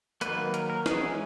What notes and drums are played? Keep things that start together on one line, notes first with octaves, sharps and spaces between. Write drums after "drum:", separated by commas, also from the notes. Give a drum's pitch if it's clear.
D#3 F#3 A#3 B4, drum: hi-hat
A#4, drum: hi-hat
A#4
E3 G#3 C#4 G#4, drum: snare